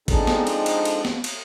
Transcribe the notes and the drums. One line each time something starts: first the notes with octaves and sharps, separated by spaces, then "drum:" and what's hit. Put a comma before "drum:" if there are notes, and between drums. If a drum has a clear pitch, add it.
F3 G#3 C4 D4 D#4 A4, drum: kick G#1, cymbal
drum: snare
drum: cymbal
drum: cymbal
drum: cymbal
drum: snare
drum: cymbal